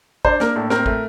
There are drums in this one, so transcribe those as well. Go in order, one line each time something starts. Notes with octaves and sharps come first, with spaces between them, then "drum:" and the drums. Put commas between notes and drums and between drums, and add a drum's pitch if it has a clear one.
D4 C5, drum: kick
A#3 A#4, drum: snare
A2 A4
C4 A#4, drum: snare
A3, drum: kick